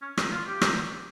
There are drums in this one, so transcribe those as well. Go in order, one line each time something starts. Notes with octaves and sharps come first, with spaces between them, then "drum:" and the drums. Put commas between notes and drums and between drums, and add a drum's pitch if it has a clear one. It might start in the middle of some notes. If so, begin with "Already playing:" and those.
C#4
D#4, drum: rim click
F4
G4
drum: rim click